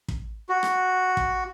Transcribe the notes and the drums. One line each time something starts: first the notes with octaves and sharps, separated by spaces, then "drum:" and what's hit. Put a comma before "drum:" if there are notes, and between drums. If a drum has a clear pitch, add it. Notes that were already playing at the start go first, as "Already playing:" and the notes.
drum: kick
F#4
drum: rim click
drum: kick